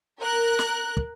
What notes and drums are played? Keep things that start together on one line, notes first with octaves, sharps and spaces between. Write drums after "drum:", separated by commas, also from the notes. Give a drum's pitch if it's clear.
A#4 F#6
drum: snare
drum: kick